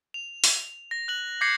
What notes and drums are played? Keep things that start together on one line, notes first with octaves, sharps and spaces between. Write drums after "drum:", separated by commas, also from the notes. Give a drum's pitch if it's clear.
F7
drum: open hi-hat
A#6
F#6 F#7
D6 G6 G#6 A#6 C7 C#7